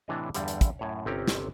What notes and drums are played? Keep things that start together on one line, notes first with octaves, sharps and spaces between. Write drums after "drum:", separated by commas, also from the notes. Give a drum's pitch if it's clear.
A2 C3 E3 D4 C#5 D#5
E2 G2 D3 G3, drum: hi-hat
drum: hi-hat
drum: kick, hi-hat
F#2 A2 C#5
G1 C3 C4 C#4 G4 A#5
drum: snare